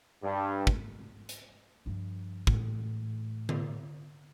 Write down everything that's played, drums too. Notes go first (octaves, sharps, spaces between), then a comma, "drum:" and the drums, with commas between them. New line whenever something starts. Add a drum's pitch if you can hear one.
G2
drum: kick
drum: hi-hat
G2 F3
A2 E3, drum: kick
drum: tom D3